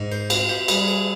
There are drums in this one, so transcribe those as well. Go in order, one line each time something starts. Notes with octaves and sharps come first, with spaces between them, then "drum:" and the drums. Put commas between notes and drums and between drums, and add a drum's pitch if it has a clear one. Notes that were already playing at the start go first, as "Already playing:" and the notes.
Already playing: G#2
C5
C4 F4, drum: cymbal
G4
G3 G#4, drum: cymbal
G#4